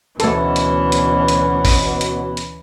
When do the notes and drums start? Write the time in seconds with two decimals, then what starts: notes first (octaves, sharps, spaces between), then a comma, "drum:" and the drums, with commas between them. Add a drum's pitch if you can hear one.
0.20 D2 B2 E3 A3 C#4 A4, drum: hi-hat
0.56 drum: hi-hat
0.92 drum: hi-hat
1.28 drum: hi-hat
1.65 drum: kick G#1, open hi-hat
2.01 drum: hi-hat
2.37 drum: hi-hat